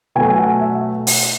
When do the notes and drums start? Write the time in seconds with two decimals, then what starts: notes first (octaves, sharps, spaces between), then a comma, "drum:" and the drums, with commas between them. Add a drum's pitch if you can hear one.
0.15 B2 F#3 A3 G#5
0.29 G#5
0.38 F#5
0.61 E5
1.07 drum: open hi-hat